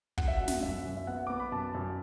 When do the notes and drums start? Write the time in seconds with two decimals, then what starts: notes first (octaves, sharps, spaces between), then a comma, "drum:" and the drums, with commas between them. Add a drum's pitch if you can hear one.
0.18 F#2 F#5, drum: kick
0.28 E5
0.37 F#3 F#5
0.48 drum: snare
0.63 F#2 E5
0.85 F#2
0.97 E5
1.07 B3 F#5
1.27 B3 D6
1.40 B5
1.52 F#2 A5
1.75 F#2